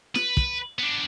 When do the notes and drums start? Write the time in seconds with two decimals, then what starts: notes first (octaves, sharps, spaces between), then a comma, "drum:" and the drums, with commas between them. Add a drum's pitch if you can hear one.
0.15 B4, drum: snare
0.37 drum: kick
0.78 B3 D4